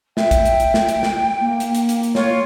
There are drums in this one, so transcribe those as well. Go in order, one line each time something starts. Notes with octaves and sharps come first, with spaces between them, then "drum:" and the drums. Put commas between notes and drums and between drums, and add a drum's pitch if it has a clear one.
E5 G5, drum: snare
drum: kick, hi-hat
drum: hi-hat
drum: hi-hat
drum: snare
drum: hi-hat
drum: snare
A#3
drum: hi-hat
drum: hi-hat
drum: hi-hat
drum: hi-hat
F4 C#5, drum: snare